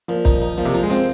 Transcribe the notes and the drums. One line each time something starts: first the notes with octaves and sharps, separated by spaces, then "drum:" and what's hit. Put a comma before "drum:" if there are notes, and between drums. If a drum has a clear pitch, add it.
A#2 F3
D#4, drum: kick
D#4
A#2 F3
C3
F3 D#4
G#3
F3 C4